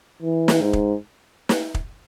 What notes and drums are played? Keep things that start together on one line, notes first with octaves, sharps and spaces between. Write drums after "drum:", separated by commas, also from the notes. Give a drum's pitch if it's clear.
E3
drum: snare
G#2
drum: kick
drum: snare
drum: kick